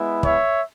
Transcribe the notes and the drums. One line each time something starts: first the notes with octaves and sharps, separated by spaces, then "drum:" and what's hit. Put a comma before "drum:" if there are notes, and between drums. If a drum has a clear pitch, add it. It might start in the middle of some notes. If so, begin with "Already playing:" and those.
Already playing: G#3 B3 E4
C#5 E5, drum: kick